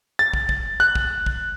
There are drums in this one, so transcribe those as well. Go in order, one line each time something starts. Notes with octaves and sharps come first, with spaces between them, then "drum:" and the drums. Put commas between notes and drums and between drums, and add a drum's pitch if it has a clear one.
A6
drum: kick
drum: kick
F#6
drum: kick
drum: kick